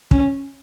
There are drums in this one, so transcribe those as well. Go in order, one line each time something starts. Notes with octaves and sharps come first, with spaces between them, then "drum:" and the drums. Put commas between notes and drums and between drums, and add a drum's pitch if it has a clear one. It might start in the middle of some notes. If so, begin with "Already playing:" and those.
C#4, drum: kick